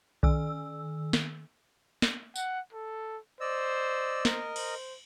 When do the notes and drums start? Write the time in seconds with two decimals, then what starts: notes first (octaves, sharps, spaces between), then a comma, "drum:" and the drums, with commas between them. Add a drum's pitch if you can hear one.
0.23 D#3 E6, drum: kick B1
1.13 drum: snare
2.02 drum: snare
2.36 F#5, drum: tambourine
2.73 A4
3.41 C5 D5 D#5 E6
4.25 A#4 D#5, drum: snare
4.56 C5, drum: cymbal